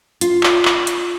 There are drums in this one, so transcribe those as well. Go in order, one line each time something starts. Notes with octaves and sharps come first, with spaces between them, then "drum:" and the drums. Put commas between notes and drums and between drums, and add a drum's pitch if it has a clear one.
F4, drum: hi-hat
drum: clap
drum: clap
drum: hi-hat